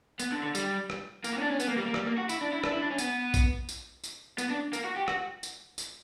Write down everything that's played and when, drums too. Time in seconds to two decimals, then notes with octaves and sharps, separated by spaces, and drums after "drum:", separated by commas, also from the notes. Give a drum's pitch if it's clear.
0.19 B3, drum: tambourine
0.32 D3
0.43 D3
0.55 G3, drum: tambourine
0.90 drum: rim click
1.24 A#3, drum: tambourine
1.33 B3
1.38 C#4
1.42 D4
1.51 C#4
1.60 B3, drum: tambourine
1.68 A#3
1.77 G3
1.86 A#3
1.94 G3, drum: rim click
2.06 A#3
2.17 F#4
2.29 E4, drum: tambourine
2.41 D4
2.53 E4
2.64 D4, drum: rim click
2.73 E4
2.81 D4
2.90 C#4
2.98 B3, drum: tambourine
3.34 drum: kick, tambourine
3.69 drum: tambourine
4.04 drum: tambourine
4.38 B3, drum: tambourine
4.50 D4
4.73 A#3, drum: tambourine
4.85 F#4
4.97 G4
5.08 F#4, drum: rim click
5.43 drum: tambourine
5.78 drum: tambourine